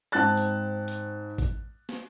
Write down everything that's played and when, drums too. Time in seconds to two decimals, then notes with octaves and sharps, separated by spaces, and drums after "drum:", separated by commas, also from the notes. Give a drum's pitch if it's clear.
0.12 G#2 C4 A5 F#6 A6
0.38 drum: hi-hat
0.88 drum: hi-hat
1.38 drum: kick A1, hi-hat
1.89 drum: snare